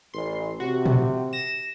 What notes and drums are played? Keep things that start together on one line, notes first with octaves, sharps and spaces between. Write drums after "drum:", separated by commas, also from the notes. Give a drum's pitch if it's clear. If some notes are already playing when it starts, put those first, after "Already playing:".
A1 C6
C3 F#4
drum: tom
A#6 E7